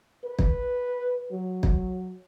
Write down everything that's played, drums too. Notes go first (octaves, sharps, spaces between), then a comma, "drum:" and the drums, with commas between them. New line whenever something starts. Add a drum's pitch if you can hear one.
B4
drum: kick
F#3
drum: kick